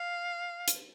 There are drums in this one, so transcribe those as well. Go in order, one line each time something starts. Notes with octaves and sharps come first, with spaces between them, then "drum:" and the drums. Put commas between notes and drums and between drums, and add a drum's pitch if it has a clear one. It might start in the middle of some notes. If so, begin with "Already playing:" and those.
Already playing: F5
drum: hi-hat